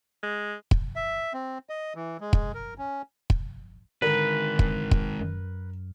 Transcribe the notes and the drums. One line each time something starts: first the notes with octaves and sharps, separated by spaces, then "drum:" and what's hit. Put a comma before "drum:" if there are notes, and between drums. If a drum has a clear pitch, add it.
G#3
drum: kick
E5
C4
D#5
E3
G#3
drum: kick
A#4
C#4
drum: kick
D3 D#3 G#3 A#4 B4
drum: kick
drum: kick
F#2